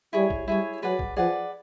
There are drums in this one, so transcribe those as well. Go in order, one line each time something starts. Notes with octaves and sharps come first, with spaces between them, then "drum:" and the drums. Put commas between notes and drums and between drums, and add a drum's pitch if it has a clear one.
G3 E4 G#4 C#5
drum: kick
G3 E4 G#4 C#5
F#3 G#4 B4 D5 F#5
drum: kick
F3 G#4 B4 D5 F#5